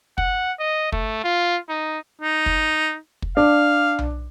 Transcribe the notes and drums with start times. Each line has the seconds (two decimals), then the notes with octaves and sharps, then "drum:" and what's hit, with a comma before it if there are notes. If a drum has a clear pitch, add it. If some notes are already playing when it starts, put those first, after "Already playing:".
0.18 F#5, drum: kick
0.59 D#5
0.92 A3, drum: kick
1.24 F4
1.69 D#4
2.22 D#4
2.46 drum: kick
3.22 drum: kick
3.37 D4 F5
3.99 drum: tom B1